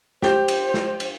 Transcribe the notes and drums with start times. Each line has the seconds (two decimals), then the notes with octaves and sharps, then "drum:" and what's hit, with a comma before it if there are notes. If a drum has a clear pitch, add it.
0.22 G4 C5 G6, drum: snare
0.48 drum: cymbal
0.74 drum: snare
1.00 drum: cymbal